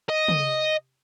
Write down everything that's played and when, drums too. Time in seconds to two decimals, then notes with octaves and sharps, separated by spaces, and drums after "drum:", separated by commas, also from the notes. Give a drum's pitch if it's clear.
0.09 D#5
0.28 drum: tom